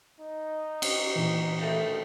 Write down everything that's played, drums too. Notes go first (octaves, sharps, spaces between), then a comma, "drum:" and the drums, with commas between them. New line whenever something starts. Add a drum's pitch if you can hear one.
D#4
drum: cymbal
A#2 E3
D#3 G3 A3